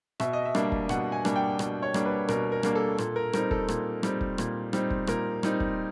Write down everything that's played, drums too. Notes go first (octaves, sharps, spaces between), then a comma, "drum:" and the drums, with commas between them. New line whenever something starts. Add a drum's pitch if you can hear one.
B2 E5, drum: rim click
D#5
E5
G3 A#3 D4, drum: rim click
drum: kick
B2 F#5, drum: rim click
G#5
G3 A#3 D4, drum: rim click
G5
B2, drum: rim click
C#5
G3 A#3 D4, drum: rim click
B4
B2 A#4, drum: rim click
A#4
G3 A#3 D4, drum: rim click
A4
A#2 A4, drum: rim click
A#4
G3 C4 D#4 A#4, drum: rim click
A4, drum: kick
A#2, drum: rim click
G3 C4 D#4, drum: rim click
drum: kick
A#2, drum: rim click
G3 C4 D#4, drum: rim click
drum: kick
A#2 A#4, drum: rim click
G3 C4 D#4, drum: rim click
drum: kick